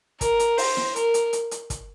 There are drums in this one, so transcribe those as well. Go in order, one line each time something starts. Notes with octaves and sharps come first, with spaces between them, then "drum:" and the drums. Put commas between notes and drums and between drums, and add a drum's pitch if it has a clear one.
A#4, drum: kick, hi-hat
drum: hi-hat
C5, drum: open hi-hat
drum: snare E4
A#4, drum: hi-hat
drum: hi-hat
drum: hi-hat
drum: hi-hat
drum: kick, hi-hat